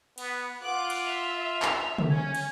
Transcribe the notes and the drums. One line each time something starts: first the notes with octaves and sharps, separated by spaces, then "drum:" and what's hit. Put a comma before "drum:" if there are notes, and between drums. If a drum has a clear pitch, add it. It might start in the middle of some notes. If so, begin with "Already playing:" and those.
B3, drum: cymbal
F4 B4 F#5 D6 F#6
drum: cymbal
E5 F7
drum: clap
drum: tom
C#4 G#6
drum: cymbal